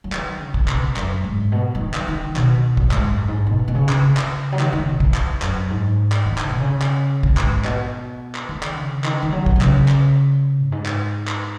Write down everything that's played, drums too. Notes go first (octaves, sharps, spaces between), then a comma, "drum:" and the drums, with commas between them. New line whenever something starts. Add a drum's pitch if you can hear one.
F#3
D#3, drum: clap
C#3
drum: kick
C#3
B2, drum: clap
F#2, drum: clap
G#2
B2
F#3
D#3
drum: clap
D#3
B2, drum: clap
drum: kick
G#2, drum: clap
F#2
G#2
B2
B2
C#3
drum: clap
C#3
drum: clap
F#3
D#3, drum: clap
D#3
C#3
B2
drum: kick
drum: clap
F#2, drum: clap
G#2
drum: clap
D#3
C#3, drum: clap
B2
C#3
drum: clap
drum: kick
G#2, drum: clap
B2, drum: clap
drum: clap
D#3
drum: clap
C#3
D#3, drum: clap
D#3
F#3
drum: kick
B2
C#3, drum: clap
drum: clap
F#2
G#2
drum: clap
drum: clap